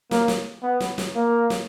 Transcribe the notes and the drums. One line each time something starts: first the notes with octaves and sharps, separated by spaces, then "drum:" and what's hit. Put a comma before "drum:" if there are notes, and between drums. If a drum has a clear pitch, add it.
A#3, drum: snare
drum: snare
B3
drum: snare
drum: snare
A#3
drum: snare